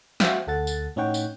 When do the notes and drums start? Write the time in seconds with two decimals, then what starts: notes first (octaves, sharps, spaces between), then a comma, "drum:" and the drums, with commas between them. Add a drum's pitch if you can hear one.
0.20 F#4 C5 E5 F5 G5, drum: snare
0.47 D2 A4 F#5 A6
0.67 drum: tambourine
0.96 A2 C#4 D#4 C#5 F#5 G5
1.14 drum: tambourine